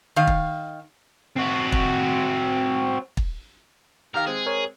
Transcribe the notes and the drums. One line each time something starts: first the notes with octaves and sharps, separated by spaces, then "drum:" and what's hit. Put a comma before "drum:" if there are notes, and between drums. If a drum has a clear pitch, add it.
D#3 F5
drum: kick
C4 F#4
drum: kick
drum: kick
D#3 G4 A#4 F5
G#3 C4 G#4
A#4 C#5